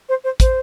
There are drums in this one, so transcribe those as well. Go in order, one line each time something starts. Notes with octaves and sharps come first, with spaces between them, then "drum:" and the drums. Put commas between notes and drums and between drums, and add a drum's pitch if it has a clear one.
C5
C5
C5, drum: kick, hi-hat